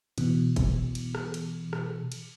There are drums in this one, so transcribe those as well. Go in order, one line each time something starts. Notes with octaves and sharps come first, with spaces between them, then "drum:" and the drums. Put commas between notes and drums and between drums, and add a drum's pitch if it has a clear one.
B2 E3, drum: cymbal
drum: kick F1, cymbal
drum: cymbal
drum: rim click
drum: cymbal
drum: rim click
drum: cymbal